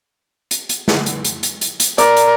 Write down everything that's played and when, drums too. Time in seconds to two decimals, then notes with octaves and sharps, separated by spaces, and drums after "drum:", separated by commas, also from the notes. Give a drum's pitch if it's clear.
0.51 drum: hi-hat
0.69 drum: hi-hat
0.88 drum: snare
1.06 drum: hi-hat
1.25 drum: hi-hat
1.43 drum: hi-hat
1.61 drum: hi-hat
1.80 drum: hi-hat
1.98 A#4 D5, drum: hi-hat
2.17 drum: hi-hat